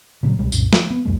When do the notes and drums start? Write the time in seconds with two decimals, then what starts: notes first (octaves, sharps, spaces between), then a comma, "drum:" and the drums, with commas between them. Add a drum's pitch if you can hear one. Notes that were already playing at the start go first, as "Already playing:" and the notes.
0.23 A#2 C#3 E3 F#3
0.38 C2 B2 G3 G#3
0.52 C2 F#2 A#2, drum: tambourine
0.73 F3, drum: snare
0.91 B3
1.05 C2 F2 G3 A3